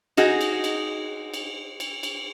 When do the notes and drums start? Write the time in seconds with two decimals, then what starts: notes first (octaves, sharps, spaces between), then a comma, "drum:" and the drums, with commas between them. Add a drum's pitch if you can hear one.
0.17 D#4 F#4 G#4, drum: cymbal
0.41 drum: cymbal
0.64 drum: cymbal
1.34 drum: cymbal
1.80 drum: cymbal
2.03 drum: cymbal